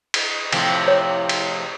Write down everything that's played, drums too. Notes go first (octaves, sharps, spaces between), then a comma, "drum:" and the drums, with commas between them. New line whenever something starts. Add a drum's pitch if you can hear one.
drum: cymbal
A2 C3 F3, drum: cymbal
C#5
drum: cymbal